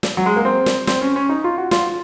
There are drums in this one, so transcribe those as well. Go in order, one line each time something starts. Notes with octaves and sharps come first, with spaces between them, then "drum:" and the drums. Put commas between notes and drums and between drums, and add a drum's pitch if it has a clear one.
drum: snare
F#3
G#3
A#3
C4
drum: snare
C4, drum: snare
C#4
C#4
D#4
F4
F#4
F4, drum: snare